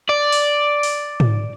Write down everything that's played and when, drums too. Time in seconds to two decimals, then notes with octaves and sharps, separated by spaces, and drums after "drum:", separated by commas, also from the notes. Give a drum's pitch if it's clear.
0.09 D5
0.32 drum: open hi-hat
0.83 drum: open hi-hat
1.20 drum: tom G#2